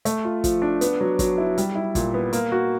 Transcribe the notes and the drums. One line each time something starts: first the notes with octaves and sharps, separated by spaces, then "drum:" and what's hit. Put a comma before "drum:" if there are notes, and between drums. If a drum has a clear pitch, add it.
A3, drum: hi-hat
F4
F3, drum: kick, hi-hat
D4
B3, drum: hi-hat
F#3
F#3, drum: kick, hi-hat
E4
G3, drum: hi-hat
E4
A#2, drum: kick, hi-hat
B3
A#3, drum: hi-hat
F#4